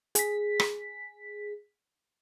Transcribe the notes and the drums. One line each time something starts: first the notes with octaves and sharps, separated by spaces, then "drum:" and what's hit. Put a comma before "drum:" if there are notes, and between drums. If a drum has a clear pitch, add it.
G#4 B6, drum: hi-hat
drum: rim click